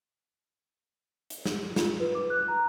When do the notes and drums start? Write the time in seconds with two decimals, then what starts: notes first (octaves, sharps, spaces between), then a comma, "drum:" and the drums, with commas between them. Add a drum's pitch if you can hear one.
1.30 drum: hi-hat
1.45 drum: snare
1.76 F4, drum: snare
2.00 B4
2.15 D6
2.30 F#6
2.48 A#5